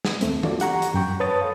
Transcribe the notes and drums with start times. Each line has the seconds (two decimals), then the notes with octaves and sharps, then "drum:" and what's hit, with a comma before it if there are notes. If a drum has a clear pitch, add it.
0.05 drum: snare
0.21 D#2 A3 C4, drum: hi-hat
0.43 D4 F4 F#4 A4 D5, drum: tom
0.60 G4 F#5 A#5 C#6, drum: hi-hat
0.82 drum: hi-hat
0.94 F#2 G5 C#6
1.20 B4 C#5 A5 D#6 A6
1.41 A4 F5